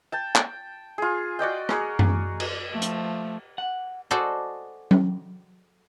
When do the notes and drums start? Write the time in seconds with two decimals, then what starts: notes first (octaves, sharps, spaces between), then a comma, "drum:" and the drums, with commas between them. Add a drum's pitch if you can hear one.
0.12 G5 A5
0.36 G5, drum: clap
0.98 F4 G#4
1.39 F#4 D5 D#5 G5
1.69 F#4 G#4 A#4, drum: rim click
1.99 drum: tom F#2
2.40 drum: cymbal
2.71 F3 A3
2.82 drum: hi-hat
3.58 F#5
4.11 F#4 G#4 A4 C5 D5 D#5
4.91 drum: tom F#3